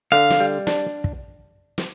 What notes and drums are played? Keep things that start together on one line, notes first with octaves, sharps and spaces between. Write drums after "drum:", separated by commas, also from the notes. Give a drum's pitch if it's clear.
D3 F5
drum: snare
G3
D4, drum: snare
drum: kick
drum: snare